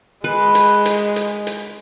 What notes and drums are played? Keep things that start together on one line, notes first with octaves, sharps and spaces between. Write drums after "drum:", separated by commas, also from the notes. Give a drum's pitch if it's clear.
G#3 B4
drum: hi-hat
drum: hi-hat
drum: hi-hat
drum: hi-hat